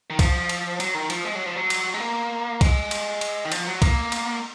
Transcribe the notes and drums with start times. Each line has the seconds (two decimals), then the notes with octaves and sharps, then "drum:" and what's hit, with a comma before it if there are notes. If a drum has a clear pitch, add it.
0.10 D#3
0.19 F3, drum: kick C2, cymbal
0.49 drum: cymbal
0.80 F#3, drum: cymbal
0.94 D#3
1.10 F3, drum: cymbal
1.25 G#3
1.35 F#3
1.46 F3
1.56 F#3
1.70 drum: cymbal
1.94 G#3
2.00 A#3
2.61 G#3, drum: kick C2, cymbal
2.91 drum: cymbal
3.21 drum: cymbal
3.45 D#3
3.52 F3, drum: cymbal
3.66 F#3
3.82 A#3, drum: kick C2, cymbal
4.12 drum: cymbal